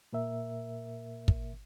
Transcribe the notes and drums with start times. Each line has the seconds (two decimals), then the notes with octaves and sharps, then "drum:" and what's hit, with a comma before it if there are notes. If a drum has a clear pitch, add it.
0.13 A#2 A#3 A#4 E5
1.28 drum: kick